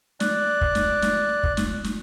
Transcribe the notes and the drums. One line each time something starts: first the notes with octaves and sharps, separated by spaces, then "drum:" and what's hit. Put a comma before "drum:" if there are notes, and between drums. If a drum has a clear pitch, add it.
D5 F#6, drum: snare
drum: kick
drum: snare
drum: snare
drum: kick
drum: snare
drum: snare